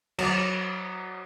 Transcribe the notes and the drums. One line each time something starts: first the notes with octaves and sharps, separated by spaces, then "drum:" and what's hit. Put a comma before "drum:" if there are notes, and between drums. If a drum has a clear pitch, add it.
F#3, drum: cymbal